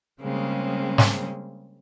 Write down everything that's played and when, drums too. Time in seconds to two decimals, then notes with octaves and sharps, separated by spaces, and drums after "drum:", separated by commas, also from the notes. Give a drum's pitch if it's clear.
0.21 C#3 G3 G#3 A#3 C4 C#4
0.98 drum: snare